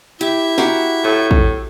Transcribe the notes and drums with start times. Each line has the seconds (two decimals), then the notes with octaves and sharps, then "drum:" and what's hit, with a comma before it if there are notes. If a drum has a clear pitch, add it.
0.21 E4 G4 E5, drum: hi-hat
0.58 F#4 G4 A#4, drum: snare
1.04 A2 C#6
1.31 drum: kick